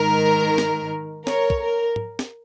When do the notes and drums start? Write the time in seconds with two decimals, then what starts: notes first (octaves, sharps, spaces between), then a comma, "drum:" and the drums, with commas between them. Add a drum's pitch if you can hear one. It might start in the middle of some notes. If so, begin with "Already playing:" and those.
Already playing: G#2 D#3 A#4
0.58 drum: snare
1.27 A#4 C#5, drum: snare
1.50 drum: kick
1.61 A#4
1.96 drum: tom G#2
2.19 drum: snare